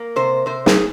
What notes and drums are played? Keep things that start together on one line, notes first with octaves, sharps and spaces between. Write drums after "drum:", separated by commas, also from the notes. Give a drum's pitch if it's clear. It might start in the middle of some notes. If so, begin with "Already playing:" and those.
Already playing: A#3
C3 C5
C3 C5
G#4, drum: snare